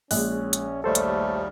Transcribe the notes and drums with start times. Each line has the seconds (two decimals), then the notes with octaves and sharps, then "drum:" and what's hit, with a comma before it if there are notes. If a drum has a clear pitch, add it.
0.11 A#1 G#3 C#4 F#6, drum: open hi-hat
0.53 drum: hi-hat
0.84 D#2 G3 A3 A4 C5 C#5
0.95 drum: hi-hat